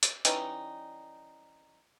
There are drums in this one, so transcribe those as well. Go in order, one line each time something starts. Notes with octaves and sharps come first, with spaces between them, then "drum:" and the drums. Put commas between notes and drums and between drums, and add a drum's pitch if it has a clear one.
drum: hi-hat
E3 G3 C#4 D#4, drum: hi-hat